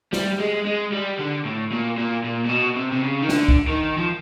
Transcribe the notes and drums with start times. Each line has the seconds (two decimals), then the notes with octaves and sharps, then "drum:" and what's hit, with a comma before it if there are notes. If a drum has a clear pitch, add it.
0.13 G3, drum: snare
0.40 G#3
0.66 G#3
0.92 G3
1.19 D3
1.45 A2
1.72 A#2
1.98 A#2
2.24 A#2
2.46 A#2
2.49 B2
2.77 C3
2.92 C3
3.03 C#3
3.22 D#3
3.29 D3, drum: snare
3.48 drum: kick C2
3.68 D#3
3.98 F3